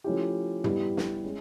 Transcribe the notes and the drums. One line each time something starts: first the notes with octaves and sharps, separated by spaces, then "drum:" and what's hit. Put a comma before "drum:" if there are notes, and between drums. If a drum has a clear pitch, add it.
F3 A3 C#4 E4 G4
G3 B3 E4 G4, drum: tom
drum: snare
G#3 C#4